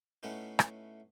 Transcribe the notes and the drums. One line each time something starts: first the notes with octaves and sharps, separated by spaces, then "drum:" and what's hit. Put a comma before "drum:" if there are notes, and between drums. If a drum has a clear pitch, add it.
A2 A3 B3 C#4 D#4
drum: rim click